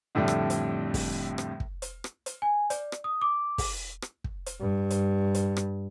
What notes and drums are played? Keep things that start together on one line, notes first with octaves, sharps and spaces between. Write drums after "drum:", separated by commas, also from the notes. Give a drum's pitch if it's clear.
F2 A2 D3 G3 A3
drum: rim click
drum: hi-hat
drum: kick, open hi-hat
drum: rim click
drum: kick
drum: hi-hat
drum: rim click
drum: hi-hat
G#5
D5, drum: hi-hat
drum: rim click
D#6
D6
drum: kick, open hi-hat
drum: rim click
drum: kick
drum: hi-hat
G2
drum: hi-hat
drum: hi-hat
drum: rim click